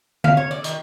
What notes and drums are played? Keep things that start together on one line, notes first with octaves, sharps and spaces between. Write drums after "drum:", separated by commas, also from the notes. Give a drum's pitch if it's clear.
F5, drum: tom D3
C#5
D5
D#3, drum: hi-hat